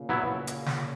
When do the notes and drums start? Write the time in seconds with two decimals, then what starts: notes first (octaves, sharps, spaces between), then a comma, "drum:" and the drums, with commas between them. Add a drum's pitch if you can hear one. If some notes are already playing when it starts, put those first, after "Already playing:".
Already playing: A#2 C#3
0.09 F#3 B3 E4
0.47 drum: hi-hat
0.66 drum: snare